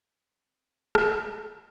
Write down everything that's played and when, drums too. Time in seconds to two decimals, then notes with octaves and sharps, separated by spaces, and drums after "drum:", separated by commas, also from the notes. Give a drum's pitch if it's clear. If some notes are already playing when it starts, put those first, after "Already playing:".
0.23 C4
0.60 C5
0.95 G#2, drum: rim click
1.27 C5